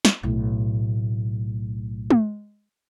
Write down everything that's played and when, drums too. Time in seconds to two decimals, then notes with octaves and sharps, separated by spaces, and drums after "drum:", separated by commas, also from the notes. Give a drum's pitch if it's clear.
0.05 drum: snare
0.23 B1 A2
2.10 drum: tom G#3